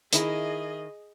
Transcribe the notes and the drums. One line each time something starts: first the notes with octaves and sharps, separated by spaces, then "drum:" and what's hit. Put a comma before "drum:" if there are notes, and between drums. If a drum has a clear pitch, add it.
D#3 E4 G#4 D#5, drum: hi-hat